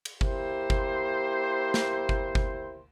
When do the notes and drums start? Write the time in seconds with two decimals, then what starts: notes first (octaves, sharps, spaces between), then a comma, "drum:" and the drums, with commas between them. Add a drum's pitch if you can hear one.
0.05 drum: cymbal
0.21 A#3 E4 G4 C5, drum: kick G1
0.70 drum: kick G1
1.74 drum: snare
2.09 drum: kick G1
2.35 drum: kick G1